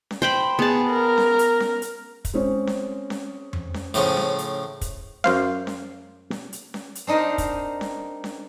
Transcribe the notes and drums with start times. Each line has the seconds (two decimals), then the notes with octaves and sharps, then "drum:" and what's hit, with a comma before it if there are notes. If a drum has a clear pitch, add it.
0.11 drum: snare C#4
0.22 C5 G5 B5
0.59 B3 G#4 A5
0.91 A#4
1.18 drum: snare C#4
1.39 drum: hi-hat
1.60 drum: snare C#4
1.82 drum: hi-hat
2.25 drum: kick, hi-hat
2.34 G#3 C4 C#4
2.67 drum: snare C#4
3.10 drum: snare C#4
3.53 drum: tom F2
3.74 drum: snare C#4
3.94 A2 C#3 F3, drum: hi-hat
4.17 drum: snare C#4
4.39 drum: hi-hat
4.81 drum: kick, hi-hat
5.24 F#2 C5 F5, drum: snare C#4
5.67 drum: snare C#4
6.31 drum: snare C#4
6.53 drum: hi-hat
6.74 drum: snare C#4
6.95 drum: hi-hat
7.07 C4 D4 D#4 A#4 C5
7.38 drum: kick, hi-hat
7.81 drum: snare C#4
8.24 drum: snare C#4